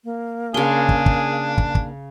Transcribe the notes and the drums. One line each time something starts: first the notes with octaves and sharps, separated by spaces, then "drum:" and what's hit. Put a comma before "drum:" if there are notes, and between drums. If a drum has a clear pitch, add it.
A#3
C#3 D4 G#4 C6
drum: kick
drum: kick
drum: kick
drum: kick